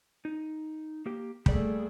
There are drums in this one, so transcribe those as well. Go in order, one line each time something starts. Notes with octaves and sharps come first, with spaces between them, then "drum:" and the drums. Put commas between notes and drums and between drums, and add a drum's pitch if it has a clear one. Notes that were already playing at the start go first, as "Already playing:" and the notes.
D#4
A#3 G4
G3 A3 A#3 G#4 D5, drum: kick